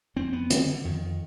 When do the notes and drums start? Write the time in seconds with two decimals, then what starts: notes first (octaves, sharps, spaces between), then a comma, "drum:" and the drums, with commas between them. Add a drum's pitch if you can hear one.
0.16 F2 C4
0.33 B3
0.50 D3 D#3, drum: hi-hat
0.68 D3
0.84 F2 D#3